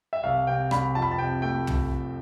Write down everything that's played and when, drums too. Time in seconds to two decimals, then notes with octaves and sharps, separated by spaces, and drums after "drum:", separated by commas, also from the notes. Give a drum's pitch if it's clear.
0.13 E5
0.23 C2 F5
0.47 C3 G5
0.71 C2 B5, drum: rim click
0.95 F2 A5
1.02 B5
1.11 A5
1.18 C3 G5
1.42 A3 G5
1.67 drum: tom